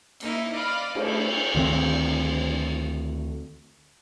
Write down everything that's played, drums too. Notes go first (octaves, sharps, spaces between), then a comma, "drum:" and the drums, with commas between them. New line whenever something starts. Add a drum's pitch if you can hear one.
A#3 D#4 E4, drum: cymbal
D5 D#5 F5 B5
A3, drum: cymbal
D2 D#3 C4